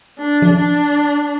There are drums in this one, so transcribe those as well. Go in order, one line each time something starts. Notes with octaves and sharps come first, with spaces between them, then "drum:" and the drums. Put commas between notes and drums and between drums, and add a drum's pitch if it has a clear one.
D4
drum: tom F3
D4